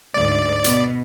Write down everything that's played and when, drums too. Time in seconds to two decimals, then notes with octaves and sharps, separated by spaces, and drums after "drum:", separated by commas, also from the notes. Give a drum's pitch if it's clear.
0.14 D2 G#2 D5
0.64 B2, drum: hi-hat